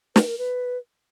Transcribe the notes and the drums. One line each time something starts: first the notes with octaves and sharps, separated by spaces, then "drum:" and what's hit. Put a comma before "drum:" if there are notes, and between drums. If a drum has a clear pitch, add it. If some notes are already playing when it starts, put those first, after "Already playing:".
B4, drum: snare
A#4
B4